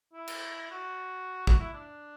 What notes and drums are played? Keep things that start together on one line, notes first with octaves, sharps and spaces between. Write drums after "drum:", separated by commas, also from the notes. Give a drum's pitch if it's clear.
E4
drum: cymbal
F#4
F#4, drum: kick
E4
D4